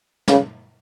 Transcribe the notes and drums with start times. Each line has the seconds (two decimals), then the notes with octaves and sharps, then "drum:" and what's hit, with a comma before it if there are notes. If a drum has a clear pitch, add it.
0.28 C#3, drum: snare